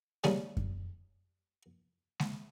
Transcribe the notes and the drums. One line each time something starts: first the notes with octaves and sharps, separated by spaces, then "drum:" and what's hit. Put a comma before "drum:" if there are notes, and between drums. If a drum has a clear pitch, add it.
D#3 G3 A#3 C#4 G#4, drum: snare G#3
drum: kick F#2
drum: snare G#3